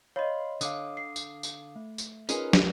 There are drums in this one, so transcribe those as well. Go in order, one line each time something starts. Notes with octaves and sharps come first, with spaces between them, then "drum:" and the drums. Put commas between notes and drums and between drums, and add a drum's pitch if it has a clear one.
C#5 D#5 F5 B5 C6
D3 F5 D6 D#6, drum: tambourine
C7
drum: tambourine
drum: tambourine
A3
drum: tambourine
C#4 D#4 F4 G#4 A#4 B4, drum: tambourine
drum: snare